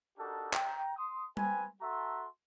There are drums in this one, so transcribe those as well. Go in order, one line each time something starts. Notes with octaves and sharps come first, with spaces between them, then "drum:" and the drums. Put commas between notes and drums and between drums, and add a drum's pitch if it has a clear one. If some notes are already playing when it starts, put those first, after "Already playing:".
D4 D#4 F#4 G4 A4 A#4
G5 A#5, drum: clap
C6 D#6
C4 G4 B4 G#5, drum: tom G3
F#4 A4 E5 A5 A#5 C6